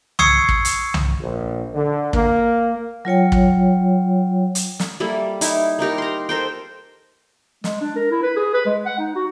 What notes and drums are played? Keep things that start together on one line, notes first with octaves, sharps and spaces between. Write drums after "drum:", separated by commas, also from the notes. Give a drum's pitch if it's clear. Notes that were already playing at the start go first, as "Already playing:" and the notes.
C#6 D#6 E6 G#6 C7 C#7, drum: tom C2
drum: kick
drum: hi-hat
drum: tom C2
A#1
D3
A#3, drum: kick
F#3 F4 C#5 G5
drum: kick
drum: hi-hat
drum: snare
G3 A#3 E4 A4
D#4 E4, drum: hi-hat
A#3 D#4 G4 A#4
A#5 C6
A4 A#4 C5 G5
G#3, drum: snare
D4
A#4
E4
B4
G#4
B4
G#3
F#5
D#4
F#4